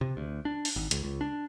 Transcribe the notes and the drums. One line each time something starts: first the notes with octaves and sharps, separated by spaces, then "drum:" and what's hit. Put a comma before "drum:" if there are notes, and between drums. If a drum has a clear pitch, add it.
C3
D2
D4
drum: open hi-hat
G#1
C#2, drum: hi-hat
C#2
D4